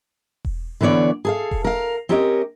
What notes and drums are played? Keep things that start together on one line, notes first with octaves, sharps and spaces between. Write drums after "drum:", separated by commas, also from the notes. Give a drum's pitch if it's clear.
drum: kick E1
D3 E3 B3 C#5 D5
G#4 A4 F5
drum: kick E1
A#4 F5
C4 C#4 G4 A#4 C#5 D#5